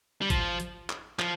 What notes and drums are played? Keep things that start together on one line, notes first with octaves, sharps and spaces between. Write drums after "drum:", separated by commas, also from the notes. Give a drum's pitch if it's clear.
G3
F3, drum: kick G#1, hi-hat
drum: hi-hat
drum: clap
F3, drum: clap